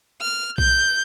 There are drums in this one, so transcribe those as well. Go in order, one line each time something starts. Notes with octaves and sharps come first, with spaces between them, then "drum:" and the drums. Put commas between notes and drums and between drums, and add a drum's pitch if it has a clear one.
F6
G6, drum: kick B1